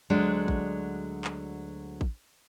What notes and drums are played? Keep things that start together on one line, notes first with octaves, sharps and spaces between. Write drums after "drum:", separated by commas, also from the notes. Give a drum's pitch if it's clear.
D2 F#3 G#3 D4
drum: kick A1
drum: clap
drum: kick A1